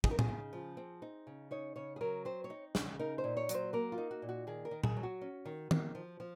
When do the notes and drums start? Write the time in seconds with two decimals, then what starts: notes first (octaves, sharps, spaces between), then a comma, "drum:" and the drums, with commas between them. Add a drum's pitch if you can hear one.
0.04 D#4 G#4, drum: kick
0.11 A#4
0.19 G#4, drum: tom A2
0.28 C#3
0.53 F3
0.77 C4
1.02 D#4
1.27 C#3
1.51 D#4 C#5
1.76 C#3 C#5
1.96 G#4
2.01 F#3 A#4
2.25 C4 C5
2.44 C#5
2.50 D#4
2.75 C#3, drum: snare
2.99 D#4 A#4
3.18 C5
3.24 A#2
3.37 C#5
3.49 F#3, drum: hi-hat
3.54 C5
3.73 A#3 A#4
3.92 F4
3.98 D#4
4.11 F#4
4.22 A#2
4.29 F#4
4.47 D#3 G#4
4.65 A#4
4.71 D#3
4.84 G#4, drum: tom A#2
4.96 F#3
5.03 F#4
5.21 C#4
5.45 D#3
5.71 D#3, drum: tom D#3
5.95 F3
6.20 F3